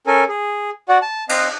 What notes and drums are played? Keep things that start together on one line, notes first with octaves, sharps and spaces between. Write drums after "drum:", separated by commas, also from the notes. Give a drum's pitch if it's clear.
C#4 A4 A#4 G#5
G#4
F#4 D5 F#5
A5
C4 D#5 F5, drum: cymbal